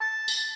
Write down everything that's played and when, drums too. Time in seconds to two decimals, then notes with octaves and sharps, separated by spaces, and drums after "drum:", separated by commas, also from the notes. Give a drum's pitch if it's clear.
0.01 A5
0.28 drum: tambourine